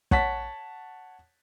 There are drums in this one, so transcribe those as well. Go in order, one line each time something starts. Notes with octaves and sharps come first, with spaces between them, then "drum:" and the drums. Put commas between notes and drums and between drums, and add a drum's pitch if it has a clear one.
C#5 F#5 A5 B6, drum: kick